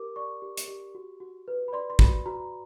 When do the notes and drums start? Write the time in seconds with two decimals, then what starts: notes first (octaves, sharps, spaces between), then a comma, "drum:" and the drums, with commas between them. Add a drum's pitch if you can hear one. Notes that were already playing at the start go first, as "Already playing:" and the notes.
Already playing: G4 A#4 D6
0.16 D5 C#6
0.42 G4
0.57 drum: hi-hat
0.68 G4
0.95 F#4
1.20 F#4
1.48 B4
1.68 B5
1.73 D5 C6
1.90 C6
1.99 F#4 B5, drum: kick
2.26 F#4 A#5